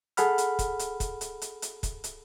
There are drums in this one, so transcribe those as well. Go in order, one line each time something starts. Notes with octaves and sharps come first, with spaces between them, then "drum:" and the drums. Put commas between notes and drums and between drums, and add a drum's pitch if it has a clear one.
G#4 A4 F#5 B5 F6, drum: hi-hat
drum: hi-hat
drum: kick, hi-hat
drum: hi-hat
drum: kick, hi-hat
drum: hi-hat
drum: hi-hat
drum: hi-hat
drum: kick, hi-hat
drum: hi-hat